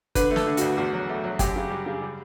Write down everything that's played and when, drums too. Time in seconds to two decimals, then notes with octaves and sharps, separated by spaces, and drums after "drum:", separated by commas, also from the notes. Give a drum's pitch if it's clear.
0.15 D3 B4, drum: kick G1, hi-hat
0.31 A3
0.36 A4, drum: snare
0.47 D3
0.57 F#4, drum: hi-hat
0.61 D2
0.77 E2 F#4
0.93 F#3
1.09 A3
1.24 F#3
1.39 F#2 G4, drum: kick G1, hi-hat
1.56 C#3
1.71 G3
1.86 C#3
2.02 G3